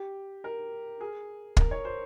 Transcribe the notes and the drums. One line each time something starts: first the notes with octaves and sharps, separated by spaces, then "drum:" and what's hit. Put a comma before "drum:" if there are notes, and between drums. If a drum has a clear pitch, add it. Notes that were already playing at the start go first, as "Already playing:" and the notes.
Already playing: G4
A#4
G#4
A#4, drum: kick
C#5
C5